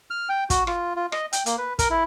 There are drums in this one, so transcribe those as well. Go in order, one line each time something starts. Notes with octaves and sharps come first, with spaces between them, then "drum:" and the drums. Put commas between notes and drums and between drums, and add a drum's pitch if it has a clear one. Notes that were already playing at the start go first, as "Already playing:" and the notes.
F6
G5
F#4, drum: kick, hi-hat
F4, drum: rim click
F4
D#5, drum: rim click
G5, drum: hi-hat
A#3, drum: hi-hat
B4
A#4, drum: kick, hi-hat
E4